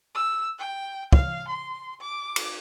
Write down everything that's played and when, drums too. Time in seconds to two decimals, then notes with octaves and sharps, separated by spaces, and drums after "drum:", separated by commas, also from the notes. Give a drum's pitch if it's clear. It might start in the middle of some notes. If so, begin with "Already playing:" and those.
0.15 E6
0.59 G5
1.13 F5, drum: kick
1.48 C6
2.01 D6
2.36 drum: cymbal